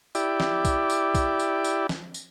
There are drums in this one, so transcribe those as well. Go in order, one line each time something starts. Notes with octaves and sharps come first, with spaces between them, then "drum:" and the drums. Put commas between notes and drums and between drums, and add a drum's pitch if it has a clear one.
E4 G4 D5, drum: tambourine
drum: snare
drum: kick B1, tambourine
drum: tambourine
drum: kick B1, tambourine
drum: tambourine
drum: tambourine
drum: snare
drum: tambourine